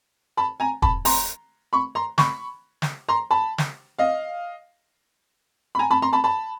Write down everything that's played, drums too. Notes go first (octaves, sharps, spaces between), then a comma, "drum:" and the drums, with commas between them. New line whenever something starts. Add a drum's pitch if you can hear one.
A5 B5
G#5 A#5
A5 B5, drum: kick
A#5 C6, drum: open hi-hat
B5 C#6
A#5 C6
B5 C#6, drum: snare
drum: snare
A#5 C6
A5 B5
drum: snare
D#5 F5
B5
G#5 A#5
A5 B5
A#5 C6
A5 B5
A5 B5